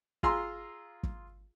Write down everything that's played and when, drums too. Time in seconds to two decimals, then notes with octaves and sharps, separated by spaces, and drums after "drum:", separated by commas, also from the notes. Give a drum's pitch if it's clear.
0.23 F4 G#4 A#5 C6 E6, drum: kick
1.03 drum: kick